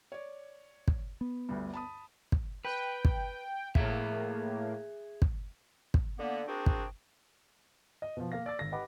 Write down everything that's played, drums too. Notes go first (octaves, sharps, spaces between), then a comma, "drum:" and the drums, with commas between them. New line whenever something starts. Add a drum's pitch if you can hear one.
C#5 D5
drum: kick
B3
G1 D2 G2
A5 B5 D#6
drum: kick
B4 G5
drum: kick
A2 A#3 G#4 E5, drum: kick
drum: kick
drum: kick
D3 A#3 B3
A#3 C4 D4 F#4 G#4 G5
drum: kick
D#5
B2 F3
A#3 F5 A#6
D5 E6 A6
G#1 A#6
G4 B4 D#5 F#5 B5 D6